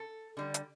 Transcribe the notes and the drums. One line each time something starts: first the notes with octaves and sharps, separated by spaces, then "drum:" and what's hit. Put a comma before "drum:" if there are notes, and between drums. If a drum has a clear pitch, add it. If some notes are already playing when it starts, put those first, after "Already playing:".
Already playing: A4
D3 G3
drum: hi-hat